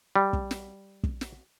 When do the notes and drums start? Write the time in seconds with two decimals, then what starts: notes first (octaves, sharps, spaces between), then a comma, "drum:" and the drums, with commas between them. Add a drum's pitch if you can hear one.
0.16 G3
0.33 drum: kick
0.51 drum: snare
1.03 drum: kick
1.21 drum: snare